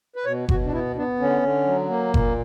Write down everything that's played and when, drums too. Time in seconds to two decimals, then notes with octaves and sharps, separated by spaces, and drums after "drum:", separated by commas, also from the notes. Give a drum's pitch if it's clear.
0.16 B4
0.25 B2 C#5
0.49 B2 F#4, drum: kick F#1
0.65 D4
0.72 B3 E4
0.96 B3 D4
1.20 D3 C#4
1.42 D3
1.66 F#3
1.89 A#3
2.14 A#2, drum: kick F#1